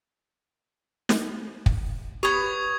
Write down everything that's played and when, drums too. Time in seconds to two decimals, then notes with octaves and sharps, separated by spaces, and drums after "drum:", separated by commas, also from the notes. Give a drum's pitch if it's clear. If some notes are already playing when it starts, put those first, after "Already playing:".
1.09 drum: snare
1.66 drum: kick
2.23 B3 G4 C#5 C#6 D#6 G#6